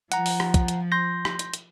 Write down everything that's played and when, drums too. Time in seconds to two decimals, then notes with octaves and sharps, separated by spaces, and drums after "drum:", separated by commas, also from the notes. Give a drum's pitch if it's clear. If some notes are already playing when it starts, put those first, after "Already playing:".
0.12 F3 F#5 A#5, drum: hi-hat
0.26 drum: open hi-hat
0.40 drum: rim click
0.54 drum: kick, hi-hat
0.68 drum: hi-hat
0.92 C6 G6 A#6
1.25 drum: rim click
1.39 drum: hi-hat
1.54 drum: hi-hat